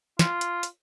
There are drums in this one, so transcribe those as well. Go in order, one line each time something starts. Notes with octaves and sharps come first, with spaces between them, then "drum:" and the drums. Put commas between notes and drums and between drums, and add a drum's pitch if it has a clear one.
F4, drum: snare
drum: hi-hat
drum: hi-hat